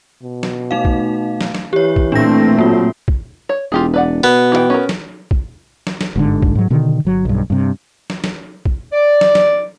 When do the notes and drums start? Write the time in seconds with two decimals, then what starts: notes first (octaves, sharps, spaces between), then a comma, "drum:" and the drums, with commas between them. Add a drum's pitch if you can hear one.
0.23 B2
0.43 drum: snare
0.71 A3 D#4 F5
0.85 drum: kick
1.41 drum: snare
1.55 drum: snare
1.73 E3 G4 C#5
1.96 drum: kick
2.12 A#2 A3 C4 D4 A#6
2.59 F#3 A#3 F4
3.08 drum: kick
3.49 C#5
3.72 E1 F4 G4 G#4
3.94 B4 D5 F#5
4.24 B2 B3
4.52 E3 G#4 G5
4.70 C#4 A#4
4.89 drum: snare
5.31 drum: kick
5.87 drum: snare
6.01 drum: snare
6.16 G1 G#2 D3
6.42 drum: kick
6.55 G#2 F#3
6.70 B2 D3 D#3
7.05 G1 F#3
7.25 B1 G2
7.50 G2 C3
8.10 drum: snare
8.24 drum: snare
8.65 drum: kick
8.93 D5
9.21 drum: snare
9.35 drum: snare